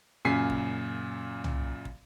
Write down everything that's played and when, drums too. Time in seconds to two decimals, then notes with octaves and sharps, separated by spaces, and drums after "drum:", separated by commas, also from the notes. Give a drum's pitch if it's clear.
0.25 F#2 A#2 C#3 G#5 B6 C7
0.50 drum: kick
1.44 drum: tom C2
1.85 drum: kick